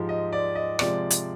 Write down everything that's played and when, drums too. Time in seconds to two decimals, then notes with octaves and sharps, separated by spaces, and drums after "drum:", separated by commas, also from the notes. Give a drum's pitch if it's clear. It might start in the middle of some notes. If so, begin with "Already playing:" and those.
Already playing: G#2 F3 G#3 G4
0.09 D#5
0.33 D5
0.55 D#5
0.79 C3 F3 G#3 D5, drum: rim click
1.10 drum: hi-hat